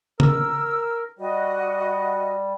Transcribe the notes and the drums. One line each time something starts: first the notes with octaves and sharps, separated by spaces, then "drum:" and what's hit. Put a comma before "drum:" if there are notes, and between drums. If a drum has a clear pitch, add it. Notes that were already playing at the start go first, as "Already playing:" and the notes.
A#4 E6, drum: tom C#3
G3 F#4 D#5